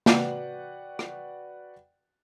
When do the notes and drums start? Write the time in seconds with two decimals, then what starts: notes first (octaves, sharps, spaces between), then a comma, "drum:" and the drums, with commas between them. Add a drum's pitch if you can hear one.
0.06 F#4 B4 D5 F#5 G5, drum: snare
0.99 drum: rim click